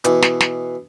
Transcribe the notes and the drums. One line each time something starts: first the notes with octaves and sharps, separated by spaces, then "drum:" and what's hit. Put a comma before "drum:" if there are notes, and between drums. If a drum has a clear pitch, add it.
B2 E3, drum: hi-hat
drum: snare
drum: snare